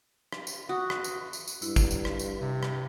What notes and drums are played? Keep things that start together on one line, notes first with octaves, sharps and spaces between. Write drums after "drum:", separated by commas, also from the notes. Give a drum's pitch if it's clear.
drum: rim click
drum: tambourine
F#4 D#6
drum: rim click
drum: tambourine
drum: tambourine
drum: tambourine
G2 E4, drum: tambourine
drum: kick, tambourine
drum: tambourine
drum: rim click
drum: tambourine
C3
drum: rim click